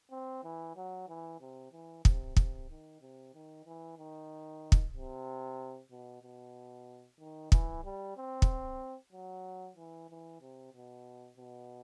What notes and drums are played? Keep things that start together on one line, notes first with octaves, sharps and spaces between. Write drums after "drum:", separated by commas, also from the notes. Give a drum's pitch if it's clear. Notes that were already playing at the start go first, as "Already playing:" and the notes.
C4
E3
F#3
E3
C3
E3
C3, drum: kick
C3, drum: kick
D#3
C3
D#3
E3
D#3
drum: kick
C3
B2
B2
D#3
E3, drum: kick
G3
C4
drum: kick
F#3
E3
E3
C3
B2
B2